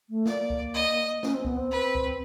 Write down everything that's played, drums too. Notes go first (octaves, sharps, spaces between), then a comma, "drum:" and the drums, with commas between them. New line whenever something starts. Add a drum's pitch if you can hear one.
A3
A#3 D5, drum: snare
drum: kick C#2
D#5
C#4, drum: snare
C4
B3, drum: kick C#2
C4
B4
drum: kick C#2